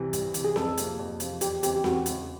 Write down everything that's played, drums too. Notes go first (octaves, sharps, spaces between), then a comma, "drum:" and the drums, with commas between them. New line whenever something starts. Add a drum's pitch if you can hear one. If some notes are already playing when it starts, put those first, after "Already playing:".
Already playing: C2 C3 E3
C2, drum: hi-hat
C3 E3, drum: hi-hat
G#4
F2 A4, drum: snare C4
C3 F3 A#3, drum: hi-hat
F2
C3 F3 A#3, drum: hi-hat
E2 G4, drum: hi-hat
C#3 E3 G#3 C4 G4, drum: hi-hat
G4
E2 F#4, drum: snare C4
C#3 E3 G#3 C4, drum: hi-hat